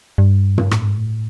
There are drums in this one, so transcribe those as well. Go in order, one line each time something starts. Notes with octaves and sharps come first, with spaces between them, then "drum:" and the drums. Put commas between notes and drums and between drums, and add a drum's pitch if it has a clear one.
G2
drum: tom
A2, drum: rim click
G#2
A2